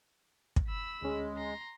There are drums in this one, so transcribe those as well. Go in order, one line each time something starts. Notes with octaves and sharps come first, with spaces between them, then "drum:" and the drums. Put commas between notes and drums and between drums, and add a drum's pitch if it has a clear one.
drum: kick
B5 E6
D2 G#3 C#4
A#5 C6